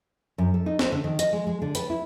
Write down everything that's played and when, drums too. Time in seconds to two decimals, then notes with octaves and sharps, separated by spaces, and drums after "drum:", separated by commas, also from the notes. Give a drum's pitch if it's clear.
0.38 F#2
0.54 A4
0.66 D#4
0.79 C4, drum: snare
0.92 D3
1.04 D#3
1.19 D#5, drum: hi-hat
1.33 G#3
1.47 G#3
1.62 D3
1.75 B4, drum: hi-hat
1.90 E4